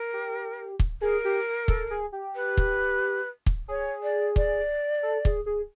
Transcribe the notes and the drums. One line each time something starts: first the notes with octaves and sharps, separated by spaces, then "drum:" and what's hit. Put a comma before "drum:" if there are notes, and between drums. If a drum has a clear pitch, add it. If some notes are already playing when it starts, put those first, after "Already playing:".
Already playing: A#4
G4
drum: kick
G#4 A#4
G4
A4, drum: kick
G#4
G4
B4
drum: kick
drum: kick
G#4 C#5
D5
D5, drum: kick
A4
G#4, drum: kick
G#4